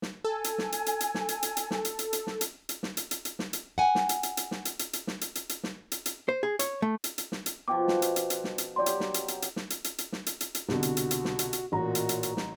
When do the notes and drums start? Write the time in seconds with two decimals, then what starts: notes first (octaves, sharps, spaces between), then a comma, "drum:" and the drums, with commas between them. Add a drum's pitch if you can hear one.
0.02 drum: snare
0.24 A4 G#5
0.44 drum: hi-hat
0.58 drum: snare
0.72 drum: hi-hat
0.86 drum: hi-hat
1.00 drum: hi-hat
1.14 drum: snare
1.29 drum: hi-hat
1.43 drum: hi-hat
1.57 drum: hi-hat
1.71 drum: snare
1.85 drum: hi-hat
1.99 drum: hi-hat
2.13 drum: hi-hat
2.27 drum: snare
2.41 drum: hi-hat
2.69 drum: hi-hat
2.83 drum: snare
2.97 drum: hi-hat
3.11 drum: hi-hat
3.25 drum: hi-hat
3.39 drum: snare
3.53 drum: hi-hat
3.78 F#5 G#5
3.95 drum: snare
4.09 drum: hi-hat
4.23 drum: hi-hat
4.37 drum: hi-hat
4.51 drum: snare
4.65 drum: hi-hat
4.79 drum: hi-hat
4.93 drum: hi-hat
5.07 drum: snare
5.21 drum: hi-hat
5.35 drum: hi-hat
5.49 drum: hi-hat
5.63 drum: snare
5.92 drum: hi-hat
6.06 drum: hi-hat
6.29 C5
6.43 G#4
6.59 C#5, drum: hi-hat
6.82 A3
7.04 drum: hi-hat
7.18 drum: hi-hat
7.32 drum: snare
7.46 drum: hi-hat
7.68 B2 F3 G5 D6
7.88 drum: snare
8.02 drum: hi-hat
8.16 drum: hi-hat
8.30 drum: hi-hat
8.44 drum: snare
8.58 drum: hi-hat
8.76 F#3 G4 D5 C6
8.86 drum: hi-hat
9.00 drum: snare
9.14 drum: hi-hat
9.28 drum: hi-hat
9.42 drum: hi-hat
9.56 drum: snare
9.70 drum: hi-hat
9.84 drum: hi-hat
9.98 drum: hi-hat
10.12 drum: snare
10.26 drum: hi-hat
10.41 drum: hi-hat
10.55 drum: hi-hat
10.69 C2 B2 D3 F#4, drum: snare
10.83 drum: hi-hat
10.97 drum: hi-hat
11.11 drum: hi-hat
11.25 drum: snare
11.39 drum: hi-hat
11.53 drum: hi-hat
11.72 A1 A#2 F#4 A#5
11.95 drum: hi-hat
12.09 drum: hi-hat
12.23 drum: hi-hat
12.37 drum: snare